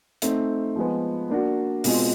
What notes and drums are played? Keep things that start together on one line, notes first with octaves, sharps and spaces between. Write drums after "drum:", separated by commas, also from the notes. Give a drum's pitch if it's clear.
A3 C4 D#4, drum: hi-hat
F3 G#3 B3
A#3 D4 F#4
B2 G#3 C4 F4, drum: open hi-hat